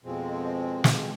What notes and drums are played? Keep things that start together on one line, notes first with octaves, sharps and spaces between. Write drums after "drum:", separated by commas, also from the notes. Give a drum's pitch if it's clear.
F2 B2 F3 G#3 C4
drum: snare